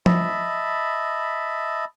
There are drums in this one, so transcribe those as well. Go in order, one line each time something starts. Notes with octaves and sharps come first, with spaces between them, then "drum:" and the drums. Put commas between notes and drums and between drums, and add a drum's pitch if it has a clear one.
D#5 E5 A5 B5, drum: tom F3